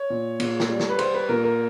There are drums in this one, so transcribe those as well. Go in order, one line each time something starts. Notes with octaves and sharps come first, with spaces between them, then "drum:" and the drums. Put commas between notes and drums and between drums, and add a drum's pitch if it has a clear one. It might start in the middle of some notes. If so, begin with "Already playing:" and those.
Already playing: C#5
A#2
A#2, drum: cymbal
drum: snare
G3
drum: snare
B4
G3 C5, drum: cymbal
B4
A#2 A#4
A#4